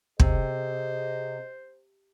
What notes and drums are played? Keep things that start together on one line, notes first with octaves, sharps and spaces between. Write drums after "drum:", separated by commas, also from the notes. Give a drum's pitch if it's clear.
C3 G#4 C5 D#5, drum: kick